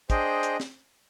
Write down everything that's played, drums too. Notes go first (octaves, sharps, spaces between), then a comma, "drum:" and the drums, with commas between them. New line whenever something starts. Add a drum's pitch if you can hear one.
D4 G#4 C5 D#5 G5, drum: kick, hi-hat
drum: hi-hat
drum: snare